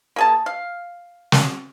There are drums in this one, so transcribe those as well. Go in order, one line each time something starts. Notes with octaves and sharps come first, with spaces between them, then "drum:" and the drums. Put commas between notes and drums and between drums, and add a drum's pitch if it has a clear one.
A#3 G#4 A5
F5
drum: snare